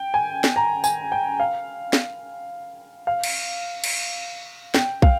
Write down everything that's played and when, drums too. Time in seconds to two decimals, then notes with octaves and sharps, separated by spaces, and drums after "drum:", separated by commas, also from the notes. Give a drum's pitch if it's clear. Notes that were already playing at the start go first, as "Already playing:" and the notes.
Already playing: G5
0.14 G#5
0.44 drum: snare
0.56 A#5
0.84 G#5, drum: tambourine
1.12 G5
1.40 F5
1.93 drum: snare
3.07 F5
3.24 drum: cymbal
3.84 drum: cymbal
4.75 G5, drum: snare
5.02 F5, drum: kick